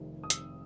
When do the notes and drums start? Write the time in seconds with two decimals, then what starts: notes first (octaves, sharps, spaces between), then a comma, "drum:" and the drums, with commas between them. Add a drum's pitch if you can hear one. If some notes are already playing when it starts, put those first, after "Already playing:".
Already playing: F1 F2 C3 D#3
0.24 D#6
0.30 E6, drum: hi-hat